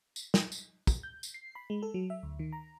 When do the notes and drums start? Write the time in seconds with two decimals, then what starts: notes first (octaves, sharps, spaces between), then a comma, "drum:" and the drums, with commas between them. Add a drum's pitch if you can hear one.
0.16 drum: tambourine
0.34 drum: snare
0.52 drum: tambourine
0.87 drum: kick, tambourine
1.03 G6
1.23 drum: tambourine
1.34 C7
1.55 B5
1.70 G#3
1.83 A4
1.94 F#3
2.10 E5
2.23 D2
2.39 D#3
2.53 A#5